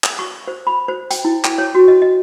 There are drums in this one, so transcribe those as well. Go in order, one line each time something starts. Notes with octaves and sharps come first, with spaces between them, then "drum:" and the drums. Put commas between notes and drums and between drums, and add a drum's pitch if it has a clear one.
drum: clap
C#6
C5
B5
C5
G5, drum: hi-hat
E4
G5, drum: clap
C#5
F#4
D#5
D#5